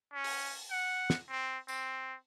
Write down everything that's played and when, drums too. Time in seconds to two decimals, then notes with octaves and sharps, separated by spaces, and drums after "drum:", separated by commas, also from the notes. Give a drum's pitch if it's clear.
0.13 C#4
0.24 drum: open hi-hat
0.71 F#5
1.10 drum: snare
1.30 C4
1.68 C4, drum: tambourine